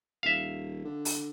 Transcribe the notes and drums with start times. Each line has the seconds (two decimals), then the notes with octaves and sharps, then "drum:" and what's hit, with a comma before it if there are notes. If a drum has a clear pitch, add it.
0.23 D#1 E5 F5
0.85 D3
1.05 drum: open hi-hat